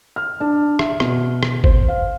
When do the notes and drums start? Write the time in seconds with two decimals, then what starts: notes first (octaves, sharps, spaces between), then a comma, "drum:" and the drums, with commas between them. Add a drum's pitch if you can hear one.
0.16 F6
0.40 D4
0.79 E5, drum: rim click
1.00 B2, drum: rim click
1.43 drum: rim click
1.64 C5, drum: kick G1
1.88 F5